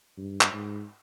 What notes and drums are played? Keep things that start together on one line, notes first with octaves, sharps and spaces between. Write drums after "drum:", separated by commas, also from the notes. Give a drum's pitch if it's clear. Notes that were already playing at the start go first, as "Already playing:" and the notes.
G2
drum: clap
G#2